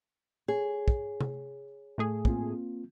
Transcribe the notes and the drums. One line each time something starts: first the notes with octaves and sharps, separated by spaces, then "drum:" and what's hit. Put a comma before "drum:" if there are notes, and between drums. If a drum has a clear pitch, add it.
G#4 C#5
drum: kick
drum: tom C3
A2 A3 G#4
A#3 C4 F4, drum: kick